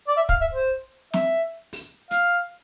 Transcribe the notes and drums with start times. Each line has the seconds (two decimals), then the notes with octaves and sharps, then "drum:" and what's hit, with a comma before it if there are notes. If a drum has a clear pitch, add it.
0.08 D5
0.17 E5
0.29 F5, drum: kick
0.41 E5
0.53 C5
1.14 E5, drum: snare
1.73 drum: open hi-hat
2.11 F5, drum: hi-hat